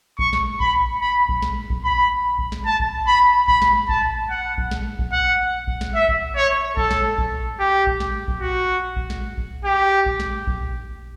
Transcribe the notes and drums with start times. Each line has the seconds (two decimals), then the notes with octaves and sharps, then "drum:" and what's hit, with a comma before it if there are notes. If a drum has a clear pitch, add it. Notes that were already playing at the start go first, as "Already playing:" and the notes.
0.19 C#6, drum: kick A#1
0.33 drum: snare
0.60 B5, drum: kick A#1
1.01 B5
1.29 drum: kick A#1
1.42 drum: snare
1.70 drum: kick A#1
1.84 B5
2.38 drum: kick A#1
2.52 drum: snare
2.65 A5
2.79 drum: kick A#1
3.07 B5
3.48 B5, drum: kick A#1
3.62 drum: snare
3.89 A5, drum: kick A#1
4.30 F#5
4.58 drum: kick A#1
4.71 drum: snare
4.99 drum: kick A#1
5.12 F#5
5.67 drum: kick A#1
5.81 drum: snare
5.94 E5
6.08 drum: kick A#1
6.36 C#5
6.77 A4, drum: kick A#1
6.91 drum: snare
7.18 drum: kick A#1
7.59 G4
7.87 drum: kick A#1
8.00 drum: snare
8.28 drum: kick A#1
8.41 F#4
8.96 drum: kick A#1
9.10 drum: snare
9.37 drum: kick A#1
9.65 G4
10.06 drum: kick A#1
10.20 drum: snare
10.47 drum: kick A#1